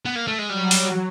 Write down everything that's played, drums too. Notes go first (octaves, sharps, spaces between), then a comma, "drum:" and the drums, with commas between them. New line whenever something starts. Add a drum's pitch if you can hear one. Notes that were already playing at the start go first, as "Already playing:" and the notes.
B3
A#3
A3
G#3
F#3 G3
drum: open hi-hat